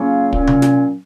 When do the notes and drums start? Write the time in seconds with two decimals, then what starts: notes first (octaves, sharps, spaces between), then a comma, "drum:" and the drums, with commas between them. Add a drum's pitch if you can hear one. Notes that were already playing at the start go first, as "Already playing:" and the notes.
Already playing: C#3 F#3 A#3 C#4 F4
0.33 A#2 F#3 C#4, drum: kick
0.47 drum: tom C3
0.62 drum: snare